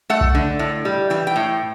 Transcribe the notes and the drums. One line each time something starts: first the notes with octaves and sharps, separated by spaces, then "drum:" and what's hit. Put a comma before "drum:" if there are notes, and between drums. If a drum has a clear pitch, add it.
A3 F#5
drum: kick B1
D3
A2
G3
E3 G5
G5
A2